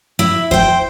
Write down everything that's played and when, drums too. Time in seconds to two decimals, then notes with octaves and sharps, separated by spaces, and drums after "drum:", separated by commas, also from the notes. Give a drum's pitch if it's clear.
0.19 E4
0.51 C5 G5, drum: kick E2